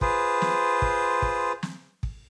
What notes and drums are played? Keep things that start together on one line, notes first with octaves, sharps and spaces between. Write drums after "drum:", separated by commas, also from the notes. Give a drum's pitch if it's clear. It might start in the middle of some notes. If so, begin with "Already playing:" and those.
F4 G#4 B4 C5, drum: kick
drum: snare
drum: kick
drum: kick
drum: snare
drum: kick